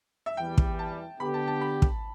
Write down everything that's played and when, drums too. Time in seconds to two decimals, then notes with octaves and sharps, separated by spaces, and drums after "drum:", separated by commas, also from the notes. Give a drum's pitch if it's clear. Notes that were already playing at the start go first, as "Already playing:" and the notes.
0.26 E5
0.36 E2 E3 G3 G5
0.58 drum: kick
0.79 A5
1.20 D3 B3 G4 B5
1.34 A5
1.47 A5
1.61 B5
1.82 drum: kick